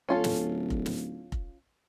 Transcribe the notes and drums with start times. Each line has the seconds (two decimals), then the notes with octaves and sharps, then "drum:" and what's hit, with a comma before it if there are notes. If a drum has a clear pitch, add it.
0.09 D1 C#4 F4 A4
0.24 drum: snare
0.70 drum: kick F1
0.86 drum: snare
1.32 drum: kick F1